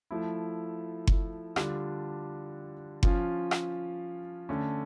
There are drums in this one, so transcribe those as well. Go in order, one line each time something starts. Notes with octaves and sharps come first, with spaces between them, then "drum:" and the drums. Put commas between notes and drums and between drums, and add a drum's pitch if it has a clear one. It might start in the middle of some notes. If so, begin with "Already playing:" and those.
F3 A3 E4
drum: kick F#1
D3 G3 D4 F4, drum: rim click
F3 C#4 F4, drum: kick F#1
drum: rim click
D3 A3 C#4